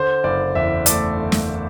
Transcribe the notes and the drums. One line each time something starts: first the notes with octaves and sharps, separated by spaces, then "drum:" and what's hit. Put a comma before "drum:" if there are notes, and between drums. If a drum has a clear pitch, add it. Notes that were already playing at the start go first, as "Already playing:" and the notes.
Already playing: D3 C5
F#1 D5
E2 E5
A3 D5, drum: hi-hat
D3
drum: snare